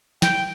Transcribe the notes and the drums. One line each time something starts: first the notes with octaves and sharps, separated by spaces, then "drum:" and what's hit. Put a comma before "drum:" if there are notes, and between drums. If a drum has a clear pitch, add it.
G5, drum: snare